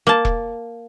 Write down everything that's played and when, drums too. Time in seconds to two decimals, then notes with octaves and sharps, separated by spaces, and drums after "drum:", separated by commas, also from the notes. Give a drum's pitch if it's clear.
0.07 A#3 A5
0.25 drum: kick E1